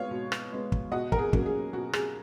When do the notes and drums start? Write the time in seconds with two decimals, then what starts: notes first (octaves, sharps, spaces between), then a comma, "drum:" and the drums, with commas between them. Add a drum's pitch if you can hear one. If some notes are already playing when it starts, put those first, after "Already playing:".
Already playing: G#3 B3 C#5 F5
0.11 B2
0.32 drum: rim click
0.52 G#3 B3
0.72 drum: kick
0.92 B2 D#5 F#5
1.12 A#4, drum: kick
1.19 G#4
1.33 F#3 A#3 C#4, drum: kick
1.46 G#4
1.73 B2 F#4
1.93 G#4, drum: rim click